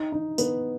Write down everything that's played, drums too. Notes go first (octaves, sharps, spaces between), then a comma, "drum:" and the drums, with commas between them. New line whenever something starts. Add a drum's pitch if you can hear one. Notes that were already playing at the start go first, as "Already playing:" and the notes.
Already playing: D#4
D#4
B3, drum: tambourine